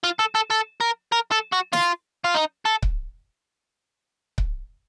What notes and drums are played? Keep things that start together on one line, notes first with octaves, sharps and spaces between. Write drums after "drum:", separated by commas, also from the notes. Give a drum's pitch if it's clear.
F4
A4
A4
A4
A#4
A#4
A4
F#4
F4, drum: snare
F4
D#4
A4
drum: kick C#1
drum: kick C#1